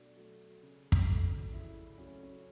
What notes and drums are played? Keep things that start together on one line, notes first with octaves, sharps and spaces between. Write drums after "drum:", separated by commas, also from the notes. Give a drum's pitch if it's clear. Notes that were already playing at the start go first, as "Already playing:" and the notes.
Already playing: B2 F#3 A3 D4
F#3 A3
C#3
drum: kick
F#3 A3
C#3 E4
F#3 A3 C#4
C#4